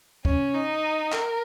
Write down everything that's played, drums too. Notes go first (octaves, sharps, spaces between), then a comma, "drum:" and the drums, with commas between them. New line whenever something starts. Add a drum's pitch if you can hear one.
C#4, drum: kick
D#4
A#4, drum: clap